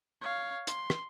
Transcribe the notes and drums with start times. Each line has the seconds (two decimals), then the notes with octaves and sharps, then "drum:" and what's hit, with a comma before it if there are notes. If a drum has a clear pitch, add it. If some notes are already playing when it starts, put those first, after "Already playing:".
0.22 C#5 F5
0.67 C6, drum: hi-hat
0.90 drum: rim click